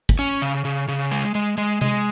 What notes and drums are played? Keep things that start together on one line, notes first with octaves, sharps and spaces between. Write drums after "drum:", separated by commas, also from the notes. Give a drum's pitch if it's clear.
drum: kick
C#4
C#3
C#3
C#3
G#3
G#3
G#3
G#3, drum: tom C3